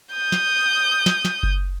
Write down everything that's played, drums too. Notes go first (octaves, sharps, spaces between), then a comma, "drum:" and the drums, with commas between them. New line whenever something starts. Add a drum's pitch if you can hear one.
D#6 G6
drum: snare
drum: snare
drum: snare
drum: kick F#1